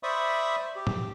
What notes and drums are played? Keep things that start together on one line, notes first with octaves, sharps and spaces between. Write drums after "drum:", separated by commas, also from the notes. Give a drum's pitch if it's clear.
C5 D5 E5 B5 C#6 D#6
G4
drum: tom A2